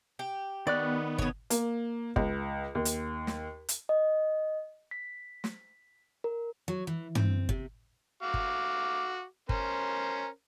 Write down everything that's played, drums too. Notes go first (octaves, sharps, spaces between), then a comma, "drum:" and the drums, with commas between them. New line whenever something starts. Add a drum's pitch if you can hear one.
G4
D#3 B3 D5 C#6 F#6
B2 C#5, drum: kick G1
A#3, drum: hi-hat
C#2, drum: kick G1
D#2
drum: hi-hat
drum: snare
drum: hi-hat
D#5
B6
drum: snare
A#4
F#3
E3
C4, drum: tom
C3, drum: kick G1
F#4 F5 D6
drum: kick G1
C#4 A#4 C5, drum: kick G1